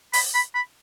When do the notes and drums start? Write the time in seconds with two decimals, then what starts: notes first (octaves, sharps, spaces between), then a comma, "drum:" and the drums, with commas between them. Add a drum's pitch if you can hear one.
0.13 B5, drum: open hi-hat
0.35 B5
0.55 B5